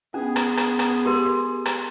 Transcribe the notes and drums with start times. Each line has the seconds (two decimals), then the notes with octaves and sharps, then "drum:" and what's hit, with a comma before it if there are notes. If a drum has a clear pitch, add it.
0.14 B3 C#4 D4 G#4
0.36 drum: rim click
0.57 drum: rim click
0.79 drum: rim click
1.05 G4 A#4 C6
1.66 drum: rim click